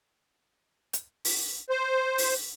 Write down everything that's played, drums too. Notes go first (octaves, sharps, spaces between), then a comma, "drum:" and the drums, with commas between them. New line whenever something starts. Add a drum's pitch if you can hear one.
drum: hi-hat
drum: open hi-hat
C5
drum: open hi-hat